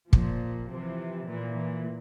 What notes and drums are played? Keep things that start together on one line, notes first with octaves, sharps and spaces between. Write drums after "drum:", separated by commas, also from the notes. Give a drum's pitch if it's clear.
A#2 F3, drum: kick
C3 E3 F3
A#2 E3
E3